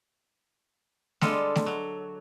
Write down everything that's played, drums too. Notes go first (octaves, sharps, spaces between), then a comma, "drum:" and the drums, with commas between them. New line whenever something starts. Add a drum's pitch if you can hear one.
D3 G3 G#3 F4 A4, drum: snare A3
drum: snare A3
F#3